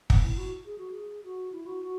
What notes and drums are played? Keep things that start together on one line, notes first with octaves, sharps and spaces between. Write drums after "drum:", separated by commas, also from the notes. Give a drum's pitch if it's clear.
B3, drum: kick
E4
F#4
G#4
F#4
G#4
F#4
E4
F#4
F#4